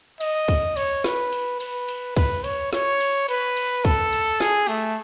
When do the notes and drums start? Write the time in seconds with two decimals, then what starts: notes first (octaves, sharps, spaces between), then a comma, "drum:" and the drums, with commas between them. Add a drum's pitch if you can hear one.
0.20 D#5, drum: cymbal
0.48 drum: kick, cymbal
0.76 C#5, drum: cymbal
1.04 B4, drum: snare
1.32 drum: cymbal
1.60 B4, drum: cymbal
1.88 drum: cymbal
2.17 B4, drum: kick, cymbal
2.44 C#5, drum: cymbal
2.73 C#5, drum: snare
3.00 drum: cymbal
3.29 B4, drum: cymbal
3.57 drum: cymbal
3.85 A4, drum: kick, cymbal
4.13 drum: cymbal
4.40 G#4, drum: snare
4.68 A3, drum: cymbal